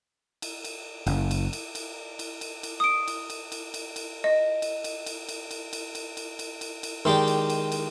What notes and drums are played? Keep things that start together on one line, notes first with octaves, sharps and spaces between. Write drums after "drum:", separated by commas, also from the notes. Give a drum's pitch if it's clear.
drum: cymbal
drum: cymbal
F#1, drum: cymbal
drum: cymbal
drum: cymbal
drum: cymbal
drum: cymbal
drum: cymbal
drum: cymbal
D#6 D7
drum: cymbal
drum: cymbal
drum: cymbal
drum: cymbal
drum: cymbal
D#5
drum: cymbal
drum: cymbal
drum: cymbal
drum: cymbal
drum: cymbal
drum: cymbal
drum: cymbal
drum: cymbal
drum: cymbal
drum: cymbal
drum: cymbal
D#3 G#3 G4 D5
drum: cymbal
drum: cymbal
drum: cymbal